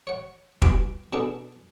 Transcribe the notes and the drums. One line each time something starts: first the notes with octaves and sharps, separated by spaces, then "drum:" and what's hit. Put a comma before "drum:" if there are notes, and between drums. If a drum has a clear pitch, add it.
C#5 F#5
G3 B3 F4 G#5 D6, drum: kick
B2 B3 D4 G#4 A4